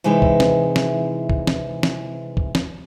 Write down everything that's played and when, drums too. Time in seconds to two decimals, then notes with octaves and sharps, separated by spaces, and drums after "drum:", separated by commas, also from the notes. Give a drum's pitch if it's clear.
0.04 C3 E3 G#3 D#4 E4 B4
0.22 drum: kick
0.40 drum: snare
0.76 drum: snare
1.30 drum: kick
1.47 drum: snare
1.83 drum: snare
2.37 drum: kick
2.55 drum: snare